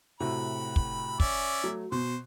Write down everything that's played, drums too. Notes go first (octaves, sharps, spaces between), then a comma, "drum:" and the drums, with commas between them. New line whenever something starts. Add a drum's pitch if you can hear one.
A2 C3 F#4 B5
drum: kick
C#4 D5 E5, drum: kick
F#3 A3
B2 C5